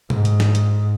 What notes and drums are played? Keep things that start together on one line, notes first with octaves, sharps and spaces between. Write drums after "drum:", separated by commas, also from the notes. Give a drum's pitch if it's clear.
G#2, drum: tom B2
drum: hi-hat
drum: snare
drum: hi-hat